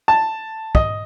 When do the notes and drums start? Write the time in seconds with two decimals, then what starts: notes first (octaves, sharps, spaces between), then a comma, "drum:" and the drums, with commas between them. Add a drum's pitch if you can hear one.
0.08 A5
0.75 D#5, drum: kick